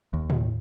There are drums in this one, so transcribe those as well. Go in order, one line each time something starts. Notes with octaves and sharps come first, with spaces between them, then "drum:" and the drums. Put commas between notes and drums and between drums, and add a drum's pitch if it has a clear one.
D#2
drum: tom A2